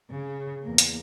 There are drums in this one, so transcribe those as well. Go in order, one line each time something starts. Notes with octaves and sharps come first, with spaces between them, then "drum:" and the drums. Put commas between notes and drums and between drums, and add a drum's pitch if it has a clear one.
C#3
E2 A#3
drum: hi-hat